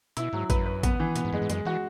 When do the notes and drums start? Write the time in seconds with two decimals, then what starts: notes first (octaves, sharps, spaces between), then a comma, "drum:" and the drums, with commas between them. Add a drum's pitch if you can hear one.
0.17 B2 E4, drum: hi-hat
0.33 G#2 F#3
0.50 F#2 B4, drum: kick A1, hi-hat
0.66 B4
0.83 B3, drum: kick A1, hi-hat
1.00 E3
1.16 B2 B3, drum: hi-hat
1.25 G#2
1.33 F#2 G#3
1.42 G#2
1.50 F#2 G#3, drum: hi-hat
1.65 E3 F#4